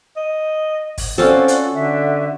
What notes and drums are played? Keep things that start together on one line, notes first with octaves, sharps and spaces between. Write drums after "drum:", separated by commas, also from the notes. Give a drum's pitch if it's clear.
D#5
drum: kick G1, open hi-hat
C4 C#4 F4 F#4 A4 D5
drum: hi-hat
D3 F#4 E5